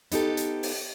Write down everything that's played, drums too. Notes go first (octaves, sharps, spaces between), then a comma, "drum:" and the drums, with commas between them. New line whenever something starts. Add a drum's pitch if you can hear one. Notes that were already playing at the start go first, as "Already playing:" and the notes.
B3 D#4 G4 A4, drum: hi-hat
drum: hi-hat
drum: open hi-hat